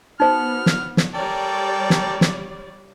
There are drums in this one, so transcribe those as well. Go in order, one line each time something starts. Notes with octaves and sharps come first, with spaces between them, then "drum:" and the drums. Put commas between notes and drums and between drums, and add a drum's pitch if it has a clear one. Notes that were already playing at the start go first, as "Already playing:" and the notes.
B3 D#4 F#4 C5 F6
drum: snare
drum: snare
G3 A4 A#4 C#5 D5 G5
drum: snare
drum: snare